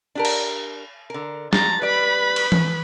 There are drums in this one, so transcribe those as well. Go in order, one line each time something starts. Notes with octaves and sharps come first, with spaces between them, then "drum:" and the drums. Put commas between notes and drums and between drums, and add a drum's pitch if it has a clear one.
D4 G4 A#4
drum: cymbal
D3 A#4
F3 A#5 A6, drum: snare
G3 B4 D5 B5
drum: cymbal
drum: tom E3